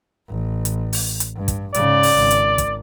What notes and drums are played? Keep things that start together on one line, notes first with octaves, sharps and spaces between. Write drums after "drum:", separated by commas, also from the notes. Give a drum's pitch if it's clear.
A1
drum: hi-hat
drum: open hi-hat
drum: hi-hat
G2
drum: kick, hi-hat
G#2 C#3 D5, drum: hi-hat
drum: open hi-hat
G#1
drum: hi-hat
drum: kick, hi-hat